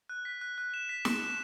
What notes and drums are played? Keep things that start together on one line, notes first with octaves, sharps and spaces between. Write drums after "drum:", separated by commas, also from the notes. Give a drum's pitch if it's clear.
F#6
B6
F#6
F#6
E7
B6
E7, drum: snare
E7